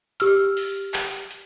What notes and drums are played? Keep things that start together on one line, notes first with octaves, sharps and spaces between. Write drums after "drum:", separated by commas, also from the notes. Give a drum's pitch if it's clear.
G4 E6 F6, drum: hi-hat
drum: open hi-hat
drum: clap
drum: hi-hat